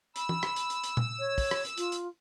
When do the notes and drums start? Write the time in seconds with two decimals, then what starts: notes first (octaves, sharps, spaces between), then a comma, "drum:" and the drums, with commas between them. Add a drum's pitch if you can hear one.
0.16 B5 E6, drum: hi-hat
0.29 drum: tom
0.43 drum: rim click
0.56 drum: hi-hat
0.70 drum: hi-hat
0.84 drum: hi-hat
0.97 drum: tom
1.19 C#5
1.38 drum: kick, open hi-hat
1.51 drum: rim click
1.65 drum: hi-hat
1.77 F4, drum: hi-hat
1.92 drum: hi-hat